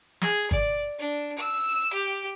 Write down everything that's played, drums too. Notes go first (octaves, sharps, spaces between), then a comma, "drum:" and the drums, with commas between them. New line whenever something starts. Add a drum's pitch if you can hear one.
G#4, drum: snare
D5, drum: kick
D4
E6
G4